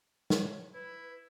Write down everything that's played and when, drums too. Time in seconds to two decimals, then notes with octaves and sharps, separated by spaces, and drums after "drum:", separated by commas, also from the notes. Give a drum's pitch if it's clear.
0.30 C#5, drum: snare
0.74 E4 B4